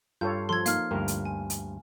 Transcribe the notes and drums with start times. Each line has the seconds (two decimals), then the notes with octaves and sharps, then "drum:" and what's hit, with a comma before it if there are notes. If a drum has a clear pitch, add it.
0.21 G2 F4 A4 C#5 G6
0.49 F3 A4 C6 G#6
0.66 A#3 D#4 F5 F6, drum: hi-hat
0.91 D2 G2 A#4
1.08 drum: hi-hat
1.25 G#5
1.50 drum: hi-hat